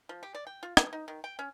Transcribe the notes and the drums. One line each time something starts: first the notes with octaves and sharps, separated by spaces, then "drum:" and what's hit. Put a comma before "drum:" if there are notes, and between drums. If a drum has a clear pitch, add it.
F3
G4
D5
G5
F4
B4, drum: rim click
D#4
D#3
G5
C#4